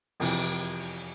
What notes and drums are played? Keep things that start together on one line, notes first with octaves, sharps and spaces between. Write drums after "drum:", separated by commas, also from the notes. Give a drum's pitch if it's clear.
F2 C3 E3, drum: cymbal
drum: open hi-hat